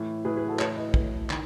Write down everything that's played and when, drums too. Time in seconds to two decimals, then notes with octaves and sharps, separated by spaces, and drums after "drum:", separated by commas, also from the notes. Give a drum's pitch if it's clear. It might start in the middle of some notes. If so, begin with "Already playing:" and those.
Already playing: A2 E3
0.25 A2 E3 G#4 B4
0.37 G#4 B4
0.48 F#4 A4
0.59 A2 E3 A4 C#5, drum: clap
0.76 B4 D#5
0.94 A2 E3, drum: kick
1.30 D#3, drum: clap